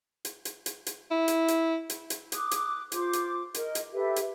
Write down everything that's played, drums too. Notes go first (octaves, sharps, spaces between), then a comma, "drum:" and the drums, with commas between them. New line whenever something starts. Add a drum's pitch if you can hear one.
drum: hi-hat
drum: hi-hat
drum: hi-hat
drum: hi-hat
E4
drum: hi-hat
drum: hi-hat
drum: hi-hat
drum: hi-hat
D6 D#6 F#6, drum: hi-hat
drum: hi-hat
F4 C5 D6, drum: hi-hat
drum: hi-hat
A#4 D#5, drum: hi-hat
drum: hi-hat
G4 A4 B4 E5
drum: hi-hat